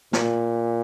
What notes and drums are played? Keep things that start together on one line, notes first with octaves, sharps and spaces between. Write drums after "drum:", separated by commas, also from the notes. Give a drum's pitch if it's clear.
A#2, drum: snare